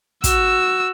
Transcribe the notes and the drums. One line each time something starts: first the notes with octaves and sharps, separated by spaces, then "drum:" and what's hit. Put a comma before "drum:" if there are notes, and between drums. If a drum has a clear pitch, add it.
F#4 E6, drum: kick, hi-hat